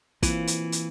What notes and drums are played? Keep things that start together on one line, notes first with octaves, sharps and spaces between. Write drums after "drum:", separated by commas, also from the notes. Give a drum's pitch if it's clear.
E3 A#3 C4 F4, drum: kick, hi-hat
drum: hi-hat
drum: hi-hat